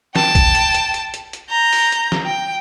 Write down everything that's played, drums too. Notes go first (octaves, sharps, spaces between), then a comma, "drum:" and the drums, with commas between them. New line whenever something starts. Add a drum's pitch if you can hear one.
G5 A5, drum: snare
drum: kick A#1, hi-hat
drum: hi-hat
drum: hi-hat
drum: hi-hat
drum: hi-hat
drum: hi-hat
A#5 G6
drum: open hi-hat
drum: hi-hat
drum: snare
G5